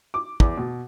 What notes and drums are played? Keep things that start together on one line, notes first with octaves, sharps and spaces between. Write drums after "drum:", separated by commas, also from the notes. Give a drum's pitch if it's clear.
D6
E2, drum: kick
B2